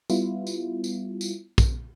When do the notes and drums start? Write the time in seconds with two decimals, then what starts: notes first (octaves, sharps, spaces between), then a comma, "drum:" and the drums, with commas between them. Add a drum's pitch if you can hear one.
0.10 G3 B3 E4 F4, drum: tambourine
0.47 drum: tambourine
0.84 drum: tambourine
1.21 drum: tambourine
1.58 drum: kick, tambourine